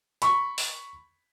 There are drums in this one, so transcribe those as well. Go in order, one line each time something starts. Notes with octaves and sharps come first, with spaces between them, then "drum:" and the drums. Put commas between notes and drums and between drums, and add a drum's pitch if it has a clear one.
B5 C#6, drum: hi-hat
drum: open hi-hat